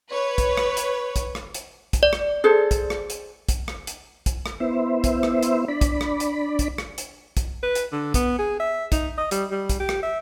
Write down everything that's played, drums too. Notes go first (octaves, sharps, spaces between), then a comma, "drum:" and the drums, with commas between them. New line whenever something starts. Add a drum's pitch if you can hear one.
B4 C#5
drum: kick, hi-hat
drum: rim click
drum: hi-hat
drum: kick, hi-hat
drum: rim click
drum: hi-hat
drum: kick, hi-hat
D5
drum: rim click
G#4 A4 C5
drum: kick, hi-hat
drum: rim click
drum: hi-hat
drum: kick, hi-hat
drum: rim click
drum: hi-hat
drum: kick, hi-hat
drum: rim click
B3 E4 C5 E5
drum: kick, hi-hat
drum: rim click
drum: hi-hat
D4 D5 B5
drum: kick, hi-hat
drum: rim click
drum: hi-hat
drum: kick, hi-hat
drum: rim click
drum: hi-hat
drum: kick, hi-hat
B4
drum: hi-hat
D3
B3, drum: kick, hi-hat
G#4
E5
D#4, drum: kick, hi-hat
D#5
G3, drum: hi-hat
G3
drum: kick, hi-hat
G4
drum: rim click
E5